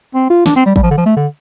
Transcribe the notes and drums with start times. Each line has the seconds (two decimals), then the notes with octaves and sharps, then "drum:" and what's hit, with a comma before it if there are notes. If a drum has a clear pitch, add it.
0.15 C4
0.30 F4
0.46 D4, drum: snare
0.56 C4
0.66 G3
0.76 G3, drum: kick
0.83 F3
0.91 D3
0.98 F3
1.06 A3
1.16 D3